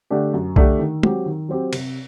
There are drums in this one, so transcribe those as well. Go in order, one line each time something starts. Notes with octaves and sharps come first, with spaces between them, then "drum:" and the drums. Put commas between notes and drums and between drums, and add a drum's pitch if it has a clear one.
D3 A3 D4 G4
F#2
D3 A3 D4 G4, drum: kick B1
D#3
F#3 C4 G4, drum: tom
D#3
F#3 C4 G4
C3, drum: cymbal